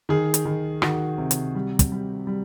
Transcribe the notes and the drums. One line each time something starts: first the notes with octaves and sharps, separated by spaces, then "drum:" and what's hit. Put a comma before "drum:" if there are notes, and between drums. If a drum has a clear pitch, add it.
D#3 G#4
drum: hi-hat
D#3
D#3 F#4, drum: rim click
C3
drum: hi-hat
G3
drum: kick, hi-hat
G3
G3